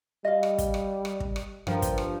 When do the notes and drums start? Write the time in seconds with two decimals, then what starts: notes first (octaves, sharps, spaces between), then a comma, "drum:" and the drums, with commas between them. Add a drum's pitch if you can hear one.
0.25 G3 D#5 F5
0.43 drum: rim click
0.58 drum: kick, hi-hat
0.74 drum: rim click
1.05 drum: rim click
1.20 drum: kick
1.36 drum: rim click
1.67 G2 F3 A#4 G5, drum: rim click
1.82 drum: kick, hi-hat
1.98 drum: rim click